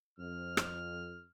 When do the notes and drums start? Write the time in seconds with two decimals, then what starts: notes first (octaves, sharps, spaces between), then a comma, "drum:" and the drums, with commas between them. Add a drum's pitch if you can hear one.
0.19 F2 F6
0.57 drum: rim click